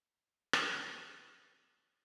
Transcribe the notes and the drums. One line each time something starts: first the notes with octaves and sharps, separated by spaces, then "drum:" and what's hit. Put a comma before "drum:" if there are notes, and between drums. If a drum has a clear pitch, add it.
A#4
drum: rim click
G#3 B4 E5 A#5
A#4